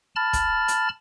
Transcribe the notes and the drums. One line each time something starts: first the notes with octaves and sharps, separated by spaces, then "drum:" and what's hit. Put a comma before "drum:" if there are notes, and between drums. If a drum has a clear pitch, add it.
A5 B5 F6 A6
drum: kick, hi-hat
drum: hi-hat